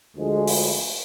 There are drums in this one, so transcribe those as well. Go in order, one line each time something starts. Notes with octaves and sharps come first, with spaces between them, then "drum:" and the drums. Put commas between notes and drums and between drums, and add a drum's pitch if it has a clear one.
D2 D3 F3 G#3
drum: open hi-hat